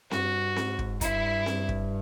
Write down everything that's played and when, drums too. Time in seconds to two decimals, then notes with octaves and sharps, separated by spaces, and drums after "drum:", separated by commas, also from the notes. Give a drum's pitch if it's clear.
0.11 G2 F#4, drum: snare C4
0.56 G#2, drum: snare C4
0.79 drum: kick
1.01 G2 E4, drum: kick, hi-hat
1.46 drum: snare C4
1.69 drum: kick